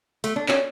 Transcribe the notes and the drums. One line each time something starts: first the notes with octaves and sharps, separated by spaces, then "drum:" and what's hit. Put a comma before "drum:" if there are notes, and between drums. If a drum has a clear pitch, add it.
A3, drum: hi-hat
D4
C#4, drum: clap